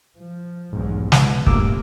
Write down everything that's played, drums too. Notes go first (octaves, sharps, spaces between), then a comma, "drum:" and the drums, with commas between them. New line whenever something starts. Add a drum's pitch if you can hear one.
F3
F1 B1 E2 G#2
B2 F3 G#3, drum: snare
A#1 G2 C3 A3 A#3 D6 E6, drum: kick